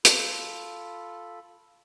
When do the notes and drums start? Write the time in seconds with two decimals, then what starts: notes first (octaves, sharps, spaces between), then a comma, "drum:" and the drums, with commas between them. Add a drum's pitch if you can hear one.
0.05 F4 A4 B5, drum: hi-hat